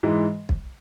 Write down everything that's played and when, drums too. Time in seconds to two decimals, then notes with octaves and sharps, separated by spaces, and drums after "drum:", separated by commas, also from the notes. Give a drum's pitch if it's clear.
0.03 G#2 E3 G#3
0.49 drum: kick